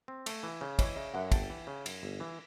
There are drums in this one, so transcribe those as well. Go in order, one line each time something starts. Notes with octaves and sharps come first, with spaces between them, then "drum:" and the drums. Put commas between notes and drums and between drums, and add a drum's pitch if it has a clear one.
C4
A3, drum: cymbal
E3
C#3
E3 C#5 D#5, drum: kick, cymbal
C#3 D5 E5
F#2 E5 F#5
G1 G5 A5, drum: kick, cymbal
E3
C#3
F#2, drum: cymbal
G1
E3